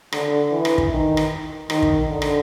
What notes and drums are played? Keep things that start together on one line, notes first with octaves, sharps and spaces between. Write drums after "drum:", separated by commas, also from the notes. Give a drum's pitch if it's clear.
D3, drum: rim click
E3
drum: rim click
drum: kick
D#3
drum: rim click
D#3, drum: rim click
drum: kick
D3
drum: rim click